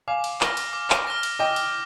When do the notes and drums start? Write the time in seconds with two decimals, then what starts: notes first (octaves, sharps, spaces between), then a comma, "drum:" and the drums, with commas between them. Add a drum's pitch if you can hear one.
0.08 F5 G#5 D6
0.24 drum: cymbal
0.41 F6 A#6, drum: clap
0.57 drum: cymbal
0.73 D6
0.90 drum: clap
1.07 F6 A#6
1.23 drum: cymbal
1.39 D#5 G5 D6
1.56 drum: cymbal